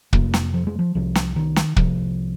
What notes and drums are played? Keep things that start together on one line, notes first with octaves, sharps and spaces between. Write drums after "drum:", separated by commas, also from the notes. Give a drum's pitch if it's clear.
F2 C3 A#3, drum: kick
drum: snare
F3
G#3
F3
C2 C3 F3
drum: snare
D#3
drum: snare
C2 C3 F3, drum: kick